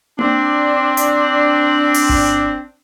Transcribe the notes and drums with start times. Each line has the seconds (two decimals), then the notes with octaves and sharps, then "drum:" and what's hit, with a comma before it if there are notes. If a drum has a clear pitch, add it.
0.19 C4 D4, drum: tom A#3
0.97 drum: hi-hat
1.94 drum: open hi-hat
2.09 drum: kick G1